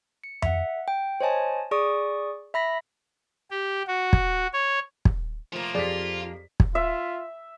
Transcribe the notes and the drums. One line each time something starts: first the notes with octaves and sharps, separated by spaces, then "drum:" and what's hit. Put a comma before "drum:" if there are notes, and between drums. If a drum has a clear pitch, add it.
C#7
E5 F#5, drum: tom F2
G5
C5 C#5 D#5 G#5 A5
G#4 D5 C#6 D#6
E5 B5 A#6 B6
G4
F#4
drum: kick
C#5
drum: kick
F3 A3 A#3 F4
F2 F4 G4 G#4 D5 B6
drum: kick
F4 E5